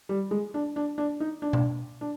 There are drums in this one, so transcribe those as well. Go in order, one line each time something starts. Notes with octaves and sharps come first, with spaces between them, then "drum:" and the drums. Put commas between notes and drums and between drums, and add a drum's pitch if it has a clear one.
G3
G#3
D4
D4
D4
D#4
D4
drum: tom B2
D4